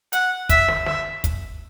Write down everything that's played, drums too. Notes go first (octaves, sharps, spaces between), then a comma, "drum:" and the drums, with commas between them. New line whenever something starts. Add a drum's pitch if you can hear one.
F#5, drum: hi-hat
E5, drum: kick, hi-hat
drum: snare
E5, drum: snare
drum: kick, hi-hat